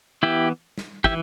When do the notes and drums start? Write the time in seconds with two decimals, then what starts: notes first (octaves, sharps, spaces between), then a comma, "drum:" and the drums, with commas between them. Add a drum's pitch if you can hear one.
0.23 E3 B3 E4 G4
0.78 drum: snare
1.04 E3 E4 G4, drum: kick